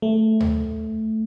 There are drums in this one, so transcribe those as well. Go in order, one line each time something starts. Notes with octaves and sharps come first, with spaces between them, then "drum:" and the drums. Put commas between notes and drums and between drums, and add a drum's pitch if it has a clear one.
A3
drum: tom D2